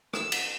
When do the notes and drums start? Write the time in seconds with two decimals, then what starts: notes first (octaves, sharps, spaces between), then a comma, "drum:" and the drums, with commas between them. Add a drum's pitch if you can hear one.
0.13 E6, drum: rim click
0.32 drum: cymbal